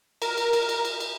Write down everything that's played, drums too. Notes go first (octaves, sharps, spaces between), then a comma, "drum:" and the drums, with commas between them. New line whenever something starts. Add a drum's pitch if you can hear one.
A#4, drum: cymbal
drum: cymbal
drum: cymbal
drum: cymbal
drum: cymbal
drum: cymbal